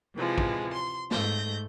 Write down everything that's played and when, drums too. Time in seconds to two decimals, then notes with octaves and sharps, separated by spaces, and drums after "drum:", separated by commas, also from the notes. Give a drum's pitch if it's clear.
0.16 C3 E3 F3 G#3
0.38 drum: kick
0.73 C6
1.11 G#2 A3 G6 A#6, drum: snare